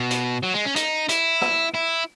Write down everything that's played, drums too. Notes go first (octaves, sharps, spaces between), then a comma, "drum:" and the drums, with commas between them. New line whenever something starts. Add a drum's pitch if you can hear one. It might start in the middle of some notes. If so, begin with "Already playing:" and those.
Already playing: B2
drum: hi-hat
F#3
G#3
C#4
D#4, drum: hi-hat
E4, drum: hi-hat
drum: rim click
E4